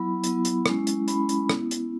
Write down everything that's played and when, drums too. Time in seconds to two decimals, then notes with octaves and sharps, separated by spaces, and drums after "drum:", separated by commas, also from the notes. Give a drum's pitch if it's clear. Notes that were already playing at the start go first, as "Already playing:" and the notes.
Already playing: F#3 B3 E4 B5
0.24 F#3 B3 E4, drum: hi-hat
0.45 drum: hi-hat
0.66 G#3 C#4 E4, drum: rim click
0.87 drum: hi-hat
1.08 G#3 C#4 E4 B5, drum: hi-hat
1.29 drum: hi-hat
1.49 B3 E4, drum: rim click
1.71 drum: hi-hat